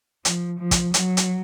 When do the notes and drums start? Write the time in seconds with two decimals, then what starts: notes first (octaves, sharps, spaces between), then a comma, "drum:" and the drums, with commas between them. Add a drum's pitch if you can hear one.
0.25 F3, drum: hi-hat
0.60 F3
0.71 drum: kick, hi-hat
0.94 F#3, drum: hi-hat
1.17 drum: hi-hat